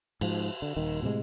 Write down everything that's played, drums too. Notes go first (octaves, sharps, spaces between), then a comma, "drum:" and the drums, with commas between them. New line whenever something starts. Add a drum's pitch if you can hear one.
G#2 F3, drum: cymbal
D3
D#1 D#3
A2 C3 D#3 G#3